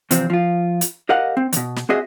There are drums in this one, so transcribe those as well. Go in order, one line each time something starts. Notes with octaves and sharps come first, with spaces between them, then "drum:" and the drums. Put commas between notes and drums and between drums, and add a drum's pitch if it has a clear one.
E2 C3 F3 C4, drum: hi-hat
F3 F4
drum: hi-hat
G4 A#4 D#5 F5 F#5
C4
E2 B2, drum: hi-hat
drum: snare
C4 F#4 G#4 D#5 E5